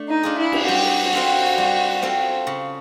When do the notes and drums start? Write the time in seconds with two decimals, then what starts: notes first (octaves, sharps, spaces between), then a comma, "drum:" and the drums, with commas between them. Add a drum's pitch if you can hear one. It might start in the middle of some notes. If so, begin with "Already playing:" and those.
Already playing: A3 D4
0.08 D#4
0.23 D4 F4 G#4
0.39 E4
0.52 drum: cymbal
0.68 G3 F#4
1.13 C4 F4 A4
1.58 G3
2.02 C4 F4 A4
2.47 C#3